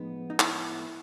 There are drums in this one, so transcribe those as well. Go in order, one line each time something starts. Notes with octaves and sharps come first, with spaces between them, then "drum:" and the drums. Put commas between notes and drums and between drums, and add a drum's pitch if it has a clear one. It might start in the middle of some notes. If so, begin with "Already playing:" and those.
Already playing: A2 F3 G#3 B3 D#4
D#4
E4, drum: clap